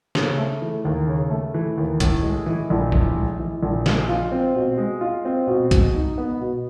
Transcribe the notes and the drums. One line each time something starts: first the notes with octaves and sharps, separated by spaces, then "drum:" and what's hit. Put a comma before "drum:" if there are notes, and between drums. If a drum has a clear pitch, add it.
C#3, drum: snare
A3
E3
D#2
C#3
A3
E3
D#2
A2, drum: kick, hi-hat
G#3
E3
A#1
A2, drum: kick
G#3
E3
A#1
G#3, drum: snare
F4
C4
B2
G#3
F4
C4
B2
G#3, drum: kick, hi-hat
D#4
B3
B2